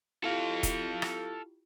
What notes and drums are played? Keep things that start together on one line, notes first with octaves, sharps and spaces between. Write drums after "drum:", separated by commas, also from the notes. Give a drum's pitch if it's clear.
E4 F4 G4 A4 F5
drum: kick E1, hi-hat
drum: rim click